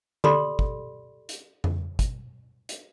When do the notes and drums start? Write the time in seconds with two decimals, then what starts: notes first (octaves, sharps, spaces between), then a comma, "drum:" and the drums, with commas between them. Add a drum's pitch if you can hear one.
0.24 G4 A4 D5 B5 C6, drum: tom D3
0.59 drum: kick
1.29 drum: hi-hat
1.64 drum: tom F2
1.99 drum: kick, hi-hat
2.69 drum: hi-hat